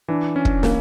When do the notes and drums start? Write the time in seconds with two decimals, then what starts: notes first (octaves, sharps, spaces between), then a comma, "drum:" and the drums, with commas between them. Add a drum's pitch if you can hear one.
0.08 E3 D4
0.36 C#4
0.45 drum: kick
0.63 A#3, drum: snare